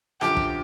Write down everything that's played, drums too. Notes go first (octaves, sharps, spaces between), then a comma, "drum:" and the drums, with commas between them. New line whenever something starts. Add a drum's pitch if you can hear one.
F#2 D3 F3 G4, drum: rim click
drum: kick